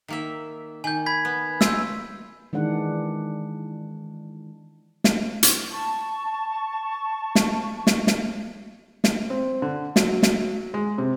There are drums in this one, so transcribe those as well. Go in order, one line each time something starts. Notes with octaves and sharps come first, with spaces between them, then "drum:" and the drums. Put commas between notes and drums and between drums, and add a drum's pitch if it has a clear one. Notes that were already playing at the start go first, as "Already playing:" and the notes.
D#3 A#3 E5
D#3 G#5 G6
B5 G#6 B6
B3
F#3 F4 E6 G6, drum: snare
D#3 E3 G#3 D4 F#5
drum: snare
drum: hi-hat
A5 C#6
drum: snare
drum: snare
drum: snare
drum: snare
C4
D3
F#3, drum: snare
drum: snare
G#3
C3